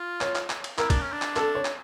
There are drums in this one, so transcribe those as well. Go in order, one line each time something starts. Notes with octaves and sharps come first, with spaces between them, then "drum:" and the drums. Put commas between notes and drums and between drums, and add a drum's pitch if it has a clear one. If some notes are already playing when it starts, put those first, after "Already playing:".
Already playing: F4
C#5, drum: clap
drum: clap
drum: clap
drum: cymbal
E4 A#4, drum: clap
D4, drum: kick, cymbal
C#4
D4
drum: clap
A4, drum: clap
C#5
drum: clap